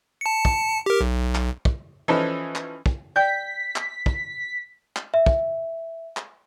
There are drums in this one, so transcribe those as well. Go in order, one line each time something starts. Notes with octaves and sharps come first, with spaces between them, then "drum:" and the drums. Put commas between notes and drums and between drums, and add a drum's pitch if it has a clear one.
A5 C#7
drum: kick
G4 A#4
B1
drum: clap
drum: kick
E3 F3 C#4 D#4 A4 B4
drum: clap
drum: kick
D5 G5 G6 B6
drum: clap
drum: kick
drum: clap
E5
drum: kick
drum: clap